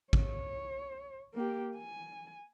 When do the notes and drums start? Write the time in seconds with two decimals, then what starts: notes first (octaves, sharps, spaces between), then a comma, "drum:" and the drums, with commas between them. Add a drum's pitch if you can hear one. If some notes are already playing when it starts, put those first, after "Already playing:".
0.13 C#5, drum: kick
1.34 A#3 G4
1.77 G#5